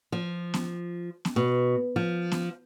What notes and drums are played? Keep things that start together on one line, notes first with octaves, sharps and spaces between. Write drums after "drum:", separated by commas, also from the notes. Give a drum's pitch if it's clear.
F3
drum: snare B3
drum: snare B3
B2
F3
drum: snare B3